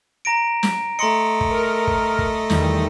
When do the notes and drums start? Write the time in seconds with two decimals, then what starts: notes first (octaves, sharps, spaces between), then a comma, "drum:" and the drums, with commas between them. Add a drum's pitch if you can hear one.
0.25 A#5 A#6 D7
0.63 drum: snare
0.99 A3 D#5 A#5 C6 C#7
1.41 drum: kick
1.51 A#4
1.87 drum: kick
2.18 drum: kick
2.50 E2 D#3 G3, drum: snare